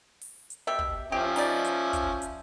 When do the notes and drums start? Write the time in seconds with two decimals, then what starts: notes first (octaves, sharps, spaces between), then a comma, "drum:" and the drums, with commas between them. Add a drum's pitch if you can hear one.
0.21 drum: open hi-hat
0.50 drum: hi-hat
0.67 B2 G4 E5
0.79 drum: kick
1.12 F3 C#4 G4 E5
1.36 D#4 D5, drum: open hi-hat
1.64 drum: hi-hat
1.93 drum: kick, hi-hat
2.22 drum: hi-hat